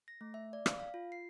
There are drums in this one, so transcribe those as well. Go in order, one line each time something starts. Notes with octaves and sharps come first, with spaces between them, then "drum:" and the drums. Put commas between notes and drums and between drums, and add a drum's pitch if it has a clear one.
A#6
A3
E5
D5
F5, drum: rim click
F5
F4
C7